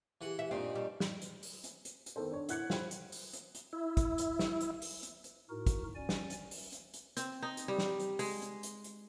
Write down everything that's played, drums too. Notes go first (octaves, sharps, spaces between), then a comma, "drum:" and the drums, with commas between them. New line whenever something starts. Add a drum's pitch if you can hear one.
E3 G4 G#4 F5 F#5 G#5
E5
G2 A#2 A#3 C4 D#4 A#4
G3 B4 A#5 C#6
drum: snare
drum: hi-hat
drum: open hi-hat
drum: hi-hat
drum: hi-hat
drum: hi-hat
D#3 B3 A4 C5
D4 C#5
E4 F#5 F#6 G#6 C#7 F#7, drum: hi-hat
F4 C5 G5 B5, drum: snare
drum: hi-hat
drum: open hi-hat
drum: hi-hat
drum: hi-hat
E4
drum: kick, hi-hat
drum: hi-hat
drum: snare
drum: hi-hat
drum: open hi-hat
drum: hi-hat
drum: hi-hat
A2 D#4 F#4 A#4
drum: kick, hi-hat
C#4 D5 G#5
drum: snare
drum: hi-hat
drum: open hi-hat
drum: hi-hat
drum: hi-hat
C4, drum: hi-hat
D#4
drum: hi-hat
G3
drum: snare
drum: hi-hat
G#3, drum: open hi-hat
drum: hi-hat
drum: hi-hat
drum: hi-hat